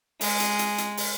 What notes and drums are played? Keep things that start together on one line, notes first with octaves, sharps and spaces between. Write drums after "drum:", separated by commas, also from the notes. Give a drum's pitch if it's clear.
G#3, drum: open hi-hat
drum: hi-hat
drum: hi-hat
drum: hi-hat
drum: open hi-hat